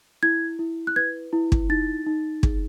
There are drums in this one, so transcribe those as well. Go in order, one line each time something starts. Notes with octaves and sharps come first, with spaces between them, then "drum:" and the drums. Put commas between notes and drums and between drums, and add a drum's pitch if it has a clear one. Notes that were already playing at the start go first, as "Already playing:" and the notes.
E4 G#6
E4
F#6
B4 G#6
E4
drum: kick
D#4 A6
D#4
G#4, drum: kick